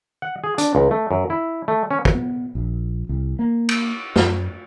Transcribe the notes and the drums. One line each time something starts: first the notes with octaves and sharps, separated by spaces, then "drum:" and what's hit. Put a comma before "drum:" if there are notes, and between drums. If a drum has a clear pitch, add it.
F#5
G#4
D4, drum: hi-hat
C#2
A3
F#2
E4
A3
C#4
drum: kick
B3
A#1
C2
A#3
drum: cymbal
F#2, drum: snare